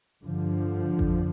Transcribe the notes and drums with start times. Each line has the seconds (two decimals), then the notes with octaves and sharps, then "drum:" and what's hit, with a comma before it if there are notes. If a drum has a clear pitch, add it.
0.24 G2 D3 F3
0.99 F2, drum: kick G#1